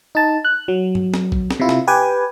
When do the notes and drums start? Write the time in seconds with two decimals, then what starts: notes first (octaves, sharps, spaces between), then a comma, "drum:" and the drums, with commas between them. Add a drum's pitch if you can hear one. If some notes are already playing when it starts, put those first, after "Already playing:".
0.15 D#4 A5
0.45 F#6
0.68 F#3
0.95 drum: tom G2
1.14 drum: snare
1.32 drum: kick
1.51 drum: snare
1.60 C3 E4 F4
1.69 drum: snare
1.87 G4 B4 G5 G#5